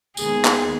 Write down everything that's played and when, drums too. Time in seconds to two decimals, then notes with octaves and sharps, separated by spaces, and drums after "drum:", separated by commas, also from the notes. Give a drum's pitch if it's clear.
0.17 D#2 D#3 G#3 B3 G#4, drum: tambourine
0.45 drum: clap